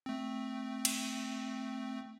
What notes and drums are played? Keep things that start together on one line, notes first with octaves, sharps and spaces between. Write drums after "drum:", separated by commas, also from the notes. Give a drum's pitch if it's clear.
A3 C4
drum: cymbal